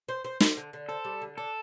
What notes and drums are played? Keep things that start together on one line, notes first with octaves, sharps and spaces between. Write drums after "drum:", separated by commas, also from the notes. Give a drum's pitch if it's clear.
C5
C5
C5, drum: snare
D3
D3
A4 C5
G3
D3
D4 A4